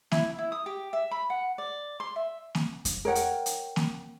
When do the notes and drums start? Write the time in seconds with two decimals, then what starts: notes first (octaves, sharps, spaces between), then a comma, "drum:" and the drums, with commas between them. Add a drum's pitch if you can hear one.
0.12 E4, drum: snare A#3
0.38 E4
0.52 D#6
0.66 G4
0.93 E5
1.11 B5
1.30 F#5
1.58 D5
2.00 C6
2.16 E5
2.55 drum: snare A#3
2.85 drum: kick F2, hi-hat
3.05 A#4 C#5 F#5 G5
3.15 drum: hi-hat
3.46 drum: hi-hat
3.76 drum: snare A#3